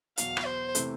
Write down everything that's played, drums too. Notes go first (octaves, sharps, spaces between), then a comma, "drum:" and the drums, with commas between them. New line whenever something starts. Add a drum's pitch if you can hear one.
E2 B2 F#3 F5, drum: hi-hat
drum: rim click
C5
C3 E3 A3, drum: hi-hat